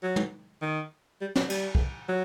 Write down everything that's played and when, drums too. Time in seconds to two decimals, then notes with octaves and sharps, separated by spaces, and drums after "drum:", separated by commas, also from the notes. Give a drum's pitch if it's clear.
0.03 F#3
0.16 drum: tom
0.62 D#3
1.21 G3
1.36 F#3, drum: snare
1.50 G3, drum: cymbal
1.75 drum: kick
2.09 F#3